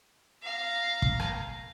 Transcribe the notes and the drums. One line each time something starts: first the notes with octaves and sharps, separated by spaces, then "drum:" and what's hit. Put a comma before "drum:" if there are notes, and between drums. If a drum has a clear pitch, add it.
F5 A#5
drum: kick
drum: rim click